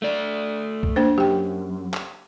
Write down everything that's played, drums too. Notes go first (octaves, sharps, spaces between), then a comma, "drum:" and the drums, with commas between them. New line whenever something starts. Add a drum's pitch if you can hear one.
A3 D5
drum: kick C2
A#3 D4 C5
F#2 G4 G5
drum: clap